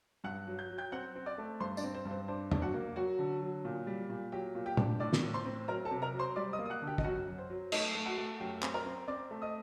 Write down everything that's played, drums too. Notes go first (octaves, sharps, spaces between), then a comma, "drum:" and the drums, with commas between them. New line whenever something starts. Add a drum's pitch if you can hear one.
G2 F#5 F#6
F#3
G6
F#3
G5 G6
C4 F#5 F#6
C4
D5 D6
A3
G2 C5 C6
D4 D5, drum: tambourine
C4
C5
G2
C5
D4 C5
D4, drum: tom
F#4 F#5
A#3
F#3 F#4 F#5
D3
F#3
A#2
G3
A#2
F#3 G4 G5
A#2
G4 G5
D4, drum: tom
A2 D5 D6
drum: snare
A2
C5 C6
C4
F#3 A#4 A#5
A4 A5
C3
A#4 A#5
F#3
C5 C6
G3 D5 D6
D#5 D#6
A#3
D#6
F#5 F#6
D3
G4 G5
D#5, drum: kick
F#2 F#4 F#5
F#2
C5
F#3
A3 D#4 D#5, drum: cymbal
A3
F#4 F#5
A3
F#2 G4 G5
C4, drum: clap
A#4 A#5
C4
C4 D5 D6
A3
D#5 D#6